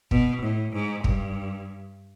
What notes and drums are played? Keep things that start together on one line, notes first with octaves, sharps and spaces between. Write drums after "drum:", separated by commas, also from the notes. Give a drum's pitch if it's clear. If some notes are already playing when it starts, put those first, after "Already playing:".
B2, drum: kick
A2
G#2
G2, drum: kick